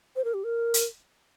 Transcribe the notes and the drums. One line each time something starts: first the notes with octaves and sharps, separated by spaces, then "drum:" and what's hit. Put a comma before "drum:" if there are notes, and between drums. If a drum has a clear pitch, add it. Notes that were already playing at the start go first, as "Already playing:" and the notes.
C5
A#4
G4
A#4
drum: hi-hat